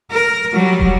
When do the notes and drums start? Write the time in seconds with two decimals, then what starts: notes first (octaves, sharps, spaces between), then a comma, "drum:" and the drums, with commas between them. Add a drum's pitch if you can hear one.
0.11 A#4
0.53 F#3 G3
0.80 drum: kick